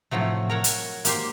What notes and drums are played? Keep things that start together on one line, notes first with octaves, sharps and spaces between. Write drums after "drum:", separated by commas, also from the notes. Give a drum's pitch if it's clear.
A2 C3 F3 F#3 A3
A#4 C#5 F#5
drum: hi-hat
A#3 G4 C5, drum: hi-hat